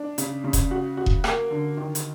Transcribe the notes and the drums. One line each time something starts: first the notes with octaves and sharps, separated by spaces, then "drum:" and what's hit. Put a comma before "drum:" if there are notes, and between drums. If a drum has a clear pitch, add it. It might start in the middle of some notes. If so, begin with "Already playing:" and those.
Already playing: D4
C#3, drum: hi-hat
C#3
drum: kick E1, hi-hat
F#4
F#4
drum: kick E1
A#3, drum: rim click
D3
D#3
drum: hi-hat